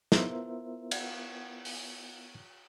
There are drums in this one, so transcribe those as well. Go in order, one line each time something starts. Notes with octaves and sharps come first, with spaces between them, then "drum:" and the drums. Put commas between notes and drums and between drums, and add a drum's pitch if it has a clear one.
B3 E4 F4 A#4 C5 E5, drum: snare
drum: cymbal
drum: open hi-hat